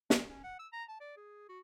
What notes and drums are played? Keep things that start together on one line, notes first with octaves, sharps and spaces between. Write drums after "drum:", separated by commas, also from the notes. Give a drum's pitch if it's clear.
C#4, drum: snare
C#4
F#5
E6
A#5
A5
D5
G#4
F#4